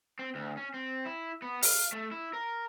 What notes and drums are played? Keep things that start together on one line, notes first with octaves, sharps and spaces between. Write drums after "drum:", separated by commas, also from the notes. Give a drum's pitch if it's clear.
C4
D2
C#4
C4
E4
B3
F5, drum: open hi-hat
A3
E4
A#4